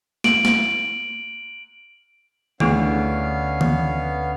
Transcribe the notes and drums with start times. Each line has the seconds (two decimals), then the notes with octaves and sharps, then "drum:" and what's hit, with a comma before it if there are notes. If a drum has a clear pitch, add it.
0.24 D7 F#7, drum: snare
0.45 drum: snare
2.60 D2 A3 B3 C#4 E4 G#4 F5, drum: tom D#3
3.61 drum: tom D#3